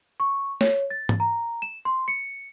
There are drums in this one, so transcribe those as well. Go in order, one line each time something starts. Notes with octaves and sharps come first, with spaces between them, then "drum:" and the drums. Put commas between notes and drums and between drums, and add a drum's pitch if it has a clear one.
C#6
C#5, drum: snare
A6
drum: tom G#2
A#5
E7
C6
C#7